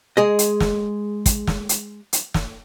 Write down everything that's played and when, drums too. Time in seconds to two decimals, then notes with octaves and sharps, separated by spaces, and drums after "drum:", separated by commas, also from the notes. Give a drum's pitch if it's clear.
0.17 G#3 G#4 D#5
0.39 drum: hi-hat
0.60 drum: snare
1.26 drum: kick, hi-hat
1.47 drum: snare
1.69 drum: hi-hat
2.13 drum: hi-hat
2.34 drum: snare